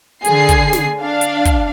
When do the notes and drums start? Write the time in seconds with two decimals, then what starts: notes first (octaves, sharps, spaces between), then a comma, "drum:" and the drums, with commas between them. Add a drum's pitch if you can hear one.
0.25 D3 G#4 G#5 C7, drum: hi-hat
0.49 drum: kick, hi-hat
0.73 drum: snare
1.01 D4 F5
1.21 drum: hi-hat
1.45 drum: kick, hi-hat